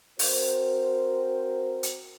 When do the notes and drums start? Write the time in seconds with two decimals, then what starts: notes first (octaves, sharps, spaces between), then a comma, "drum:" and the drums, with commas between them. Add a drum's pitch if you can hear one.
0.19 C4 F#4 A#4 C5, drum: open hi-hat
1.83 drum: hi-hat